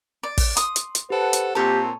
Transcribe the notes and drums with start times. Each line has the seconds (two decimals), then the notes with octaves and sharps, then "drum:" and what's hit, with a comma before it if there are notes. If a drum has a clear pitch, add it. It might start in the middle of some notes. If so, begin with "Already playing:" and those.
0.23 D5
0.38 drum: kick, open hi-hat
0.57 C6 D#6, drum: hi-hat
0.76 drum: hi-hat
0.95 drum: hi-hat
1.10 G4 A4 B4 C5 F#5 A5
1.33 drum: hi-hat
1.55 A#2 A#3 C4 G4 A4 C#5 A5